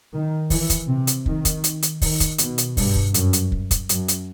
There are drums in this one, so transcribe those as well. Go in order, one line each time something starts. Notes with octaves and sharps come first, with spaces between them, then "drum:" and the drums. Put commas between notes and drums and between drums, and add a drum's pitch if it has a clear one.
D#3
E3, drum: kick, open hi-hat
drum: kick, hi-hat
C3
drum: hi-hat
D#3, drum: kick
drum: kick, hi-hat
drum: hi-hat
drum: hi-hat
D#3, drum: kick, open hi-hat
drum: kick, hi-hat
B2, drum: hi-hat
drum: hi-hat
G2, drum: kick, open hi-hat
drum: kick
F#2, drum: hi-hat
drum: hi-hat
drum: kick
drum: kick, hi-hat
F#2, drum: hi-hat
drum: hi-hat